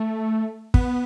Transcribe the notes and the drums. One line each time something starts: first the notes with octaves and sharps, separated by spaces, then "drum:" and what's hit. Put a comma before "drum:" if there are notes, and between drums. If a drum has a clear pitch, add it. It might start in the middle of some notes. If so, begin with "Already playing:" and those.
Already playing: A3
B3, drum: kick